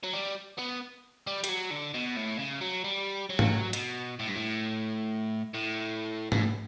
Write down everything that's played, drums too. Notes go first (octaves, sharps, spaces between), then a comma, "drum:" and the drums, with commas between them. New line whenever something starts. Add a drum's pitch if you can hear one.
F#3
G3
B3
G3
G3, drum: hi-hat
F#3
D3
B2
A2
C#3
F#3
G3
F#3
drum: tom G#2
B2, drum: hi-hat
A2
G2
A2
A2
A2, drum: tom G#2